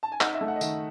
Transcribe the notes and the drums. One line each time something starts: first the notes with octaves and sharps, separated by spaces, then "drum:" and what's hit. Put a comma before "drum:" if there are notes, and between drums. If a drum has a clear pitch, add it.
A5
G#5
D#4 F#5, drum: clap
E5
A3
F#5
D#5
D#3 E5, drum: tambourine